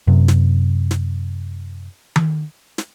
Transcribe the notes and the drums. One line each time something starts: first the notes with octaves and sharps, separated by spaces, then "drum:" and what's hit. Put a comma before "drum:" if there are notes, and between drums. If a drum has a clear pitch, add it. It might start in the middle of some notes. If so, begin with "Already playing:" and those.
F#2 C3
drum: snare
drum: snare
drum: tom D#3
drum: snare